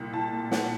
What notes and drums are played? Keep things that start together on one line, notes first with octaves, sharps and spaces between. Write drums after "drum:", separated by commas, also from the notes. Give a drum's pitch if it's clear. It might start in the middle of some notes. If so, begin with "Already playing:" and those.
Already playing: C2 A#2
C2 A5
A#2
A#2 F#5, drum: snare